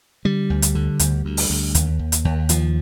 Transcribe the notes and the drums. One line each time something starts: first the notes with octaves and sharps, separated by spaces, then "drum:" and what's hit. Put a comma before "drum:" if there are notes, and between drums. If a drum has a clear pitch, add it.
D3 G3
D2
drum: hi-hat
D3
D2, drum: hi-hat
D2
drum: open hi-hat
D2
D#2, drum: hi-hat
D#2
drum: hi-hat
D#2
D#2 F3, drum: hi-hat